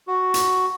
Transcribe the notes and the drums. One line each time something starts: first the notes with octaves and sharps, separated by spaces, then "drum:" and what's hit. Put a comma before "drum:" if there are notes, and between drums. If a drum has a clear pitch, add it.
F#4
drum: hi-hat